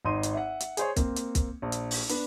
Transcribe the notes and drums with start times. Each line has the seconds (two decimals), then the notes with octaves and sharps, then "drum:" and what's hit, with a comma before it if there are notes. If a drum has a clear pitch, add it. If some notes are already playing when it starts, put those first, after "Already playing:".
0.05 G#1 D#4 C6 D#7
0.23 drum: hi-hat
0.34 E5 F#5
0.60 drum: hi-hat
0.77 G#4 C5 C#5, drum: hi-hat
0.96 A#3 C4, drum: kick, hi-hat
1.16 drum: hi-hat
1.35 drum: kick, hi-hat
1.62 A#1
1.72 drum: hi-hat
1.91 drum: open hi-hat
2.09 B3 D4, drum: hi-hat